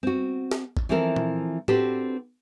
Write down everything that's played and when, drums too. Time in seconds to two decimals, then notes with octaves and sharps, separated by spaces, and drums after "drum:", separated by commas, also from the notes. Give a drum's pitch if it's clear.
0.03 C4 F#4
0.52 drum: snare
0.77 drum: kick A1
0.89 E3 F3 C4 E4 A4 A#4
1.16 drum: tom A#2
1.68 C4 D4 F#4 G4 A4 B4, drum: tom A2